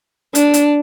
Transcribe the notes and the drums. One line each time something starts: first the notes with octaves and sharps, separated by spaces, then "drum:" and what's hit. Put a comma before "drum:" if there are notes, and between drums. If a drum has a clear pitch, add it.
D4, drum: hi-hat
drum: hi-hat